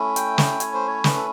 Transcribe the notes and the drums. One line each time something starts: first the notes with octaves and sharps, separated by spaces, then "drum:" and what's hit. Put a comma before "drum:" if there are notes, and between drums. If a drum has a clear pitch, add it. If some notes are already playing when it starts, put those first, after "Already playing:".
Already playing: A3 C#4 E4
G5, drum: hi-hat
drum: snare
C#5, drum: hi-hat
C5
C#5
B4, drum: snare
A4